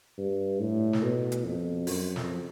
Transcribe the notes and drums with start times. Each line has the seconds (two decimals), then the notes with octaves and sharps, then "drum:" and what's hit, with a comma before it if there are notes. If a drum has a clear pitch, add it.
0.18 G2
0.60 A2
0.93 drum: snare
1.03 B2
1.32 drum: hi-hat
1.45 F2
1.87 F#2, drum: open hi-hat
2.16 F2, drum: snare